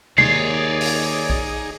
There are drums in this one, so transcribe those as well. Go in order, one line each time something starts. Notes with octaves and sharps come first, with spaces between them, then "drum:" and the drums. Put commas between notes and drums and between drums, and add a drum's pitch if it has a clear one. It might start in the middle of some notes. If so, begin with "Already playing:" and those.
D#2 D#4 G#4 C#5 D5 C7, drum: tom
drum: open hi-hat
drum: kick A#1